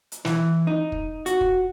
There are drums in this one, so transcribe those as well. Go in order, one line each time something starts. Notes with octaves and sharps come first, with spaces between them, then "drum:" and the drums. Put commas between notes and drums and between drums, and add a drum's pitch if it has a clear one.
drum: hi-hat
E3, drum: snare
D#4
drum: kick
F#4, drum: hi-hat
drum: kick